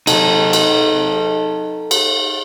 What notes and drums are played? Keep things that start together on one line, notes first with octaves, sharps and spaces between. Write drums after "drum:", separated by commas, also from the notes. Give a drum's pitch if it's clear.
D#4 A4, drum: cymbal
drum: cymbal
drum: cymbal